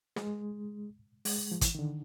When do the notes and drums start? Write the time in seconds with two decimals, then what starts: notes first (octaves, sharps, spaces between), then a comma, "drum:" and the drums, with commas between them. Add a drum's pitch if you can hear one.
0.16 G#3, drum: snare
1.25 G#3, drum: open hi-hat
1.52 F3
1.61 E3, drum: kick, hi-hat
1.75 D#3
1.79 D3